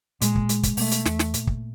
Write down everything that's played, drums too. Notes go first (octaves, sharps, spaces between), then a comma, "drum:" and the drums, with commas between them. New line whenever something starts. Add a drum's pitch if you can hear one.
A#2 G#3, drum: hi-hat
drum: kick
G#3, drum: hi-hat
drum: kick, hi-hat
B2 A3, drum: open hi-hat
drum: hi-hat
E2, drum: snare
drum: snare
A#2, drum: hi-hat
drum: kick